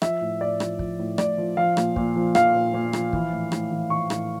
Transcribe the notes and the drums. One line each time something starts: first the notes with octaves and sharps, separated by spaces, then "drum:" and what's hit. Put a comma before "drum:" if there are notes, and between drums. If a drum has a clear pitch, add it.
F3 E5, drum: rim click
A2
A2 D5
F3, drum: rim click
F3, drum: kick
A2
A2 D5, drum: rim click
F3
F3 F5
A#2, drum: rim click
A#2, drum: kick
F3
F3 F5, drum: rim click
A#2
A#2
F3, drum: rim click
E3, drum: kick
A2
A2, drum: rim click
E3
E3 C#6
A2, drum: rim click